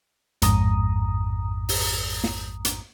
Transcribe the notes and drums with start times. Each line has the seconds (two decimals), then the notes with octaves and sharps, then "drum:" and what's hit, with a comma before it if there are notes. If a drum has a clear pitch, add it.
0.42 A1 F2 G#2 A#5 D#6, drum: hi-hat
1.69 drum: open hi-hat
2.24 drum: snare
2.65 drum: hi-hat